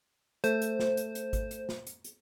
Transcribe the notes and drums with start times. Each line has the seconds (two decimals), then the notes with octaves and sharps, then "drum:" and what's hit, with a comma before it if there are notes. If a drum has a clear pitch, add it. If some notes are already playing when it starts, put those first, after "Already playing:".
0.44 A3 C5, drum: hi-hat
0.62 drum: hi-hat
0.79 drum: snare
0.97 drum: hi-hat
1.15 drum: hi-hat
1.33 drum: kick G#1, hi-hat
1.51 drum: hi-hat
1.69 drum: snare
1.87 drum: hi-hat
2.04 drum: hi-hat